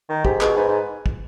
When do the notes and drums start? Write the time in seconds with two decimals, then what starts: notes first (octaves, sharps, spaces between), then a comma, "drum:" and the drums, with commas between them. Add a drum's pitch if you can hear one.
0.09 D#3
0.25 G#2 G4, drum: kick
0.41 B2 G#4, drum: clap
0.57 G#2 B4
0.68 G#2
1.06 drum: kick